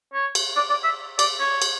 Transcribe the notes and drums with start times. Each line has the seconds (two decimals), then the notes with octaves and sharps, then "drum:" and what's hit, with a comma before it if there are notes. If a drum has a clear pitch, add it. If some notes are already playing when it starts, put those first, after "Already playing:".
0.14 C#5
0.35 drum: cymbal
0.56 D5
0.70 D5
0.84 E5
1.19 D5, drum: cymbal
1.40 C#5
1.62 drum: cymbal